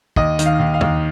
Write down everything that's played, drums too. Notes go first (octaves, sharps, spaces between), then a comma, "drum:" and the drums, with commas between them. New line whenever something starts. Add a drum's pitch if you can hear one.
D#2 D#5, drum: kick
D#3, drum: hi-hat
F5
D#2
F5
D#2, drum: tom E2